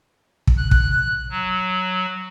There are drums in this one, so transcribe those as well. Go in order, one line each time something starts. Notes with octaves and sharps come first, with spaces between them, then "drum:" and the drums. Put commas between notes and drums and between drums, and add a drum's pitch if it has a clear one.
drum: kick
F#6
drum: kick
F#3